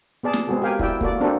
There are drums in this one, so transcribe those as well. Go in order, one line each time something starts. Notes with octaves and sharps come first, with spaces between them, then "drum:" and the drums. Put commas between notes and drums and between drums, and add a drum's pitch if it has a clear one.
B3 G#4 D5 A5
drum: snare
G#3 B3 C4 F#4 G#4 A4
G4 A#4 F5 G5 G#5
E4 F#4 D5 E5 G5, drum: kick
A#3 F#4 A4 D5, drum: kick
C4 D4 F#4 A4 A#4